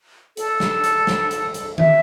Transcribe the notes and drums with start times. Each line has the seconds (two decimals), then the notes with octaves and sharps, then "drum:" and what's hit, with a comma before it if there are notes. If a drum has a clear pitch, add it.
0.37 A4, drum: hi-hat
0.60 drum: snare
0.84 drum: hi-hat
1.07 drum: snare
1.31 drum: hi-hat
1.54 drum: hi-hat
1.78 E5, drum: tom D#3